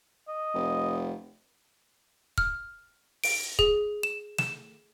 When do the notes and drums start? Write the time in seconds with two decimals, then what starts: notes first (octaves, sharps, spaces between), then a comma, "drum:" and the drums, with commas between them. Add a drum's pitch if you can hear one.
0.28 D#5
0.54 F1
2.38 F6, drum: kick
3.24 D7, drum: open hi-hat
3.59 G#4, drum: kick
4.03 E7
4.38 E7, drum: snare